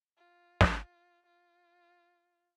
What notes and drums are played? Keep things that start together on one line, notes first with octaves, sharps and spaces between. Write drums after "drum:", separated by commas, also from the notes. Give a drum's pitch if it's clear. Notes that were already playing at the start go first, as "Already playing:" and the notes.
F4
drum: snare
F4
F4